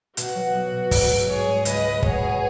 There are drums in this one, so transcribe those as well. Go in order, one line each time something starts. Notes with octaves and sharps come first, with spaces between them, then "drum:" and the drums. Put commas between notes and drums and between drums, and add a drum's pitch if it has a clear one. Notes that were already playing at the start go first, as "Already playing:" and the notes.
B2 F#4, drum: hi-hat
F#3
B1
B2
G#2, drum: kick, open hi-hat
C#4
G#2 G#4 C#5
G#3
C#2 B4 D#5, drum: hi-hat
C#2
B2 G#4 C#5, drum: kick
B2